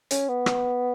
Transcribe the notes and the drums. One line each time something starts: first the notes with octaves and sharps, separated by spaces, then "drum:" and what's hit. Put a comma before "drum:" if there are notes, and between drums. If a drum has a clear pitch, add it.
C#4, drum: hi-hat
B3
drum: rim click